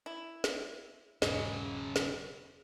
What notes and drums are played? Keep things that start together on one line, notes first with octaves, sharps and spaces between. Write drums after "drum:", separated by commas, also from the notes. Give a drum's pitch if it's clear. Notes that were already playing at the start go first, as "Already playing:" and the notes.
E4
drum: snare
E1 G#2 C#3 F#3 D#5, drum: snare
drum: snare